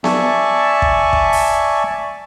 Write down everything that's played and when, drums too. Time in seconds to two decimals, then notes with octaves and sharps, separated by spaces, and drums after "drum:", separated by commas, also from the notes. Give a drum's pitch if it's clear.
0.04 D5 E5 G#5 A5 C#6, drum: snare B3
0.82 drum: kick
1.13 drum: kick
1.33 drum: open hi-hat